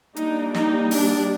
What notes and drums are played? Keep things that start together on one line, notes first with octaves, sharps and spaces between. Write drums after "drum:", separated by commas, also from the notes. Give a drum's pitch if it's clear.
G3 A#3 D4 D#4, drum: hi-hat
D#4, drum: snare
D4, drum: open hi-hat